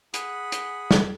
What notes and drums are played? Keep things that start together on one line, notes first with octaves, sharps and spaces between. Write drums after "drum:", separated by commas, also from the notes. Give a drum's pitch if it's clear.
G#4 F#5 B5, drum: hi-hat
drum: hi-hat
drum: snare